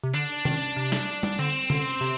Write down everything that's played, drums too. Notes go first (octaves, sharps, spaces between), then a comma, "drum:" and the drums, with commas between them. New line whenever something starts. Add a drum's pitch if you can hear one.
C3
D3 D4
D#3, drum: tom C3
C3
drum: snare
drum: tom G3
D3 C4
D3, drum: tom C3
C3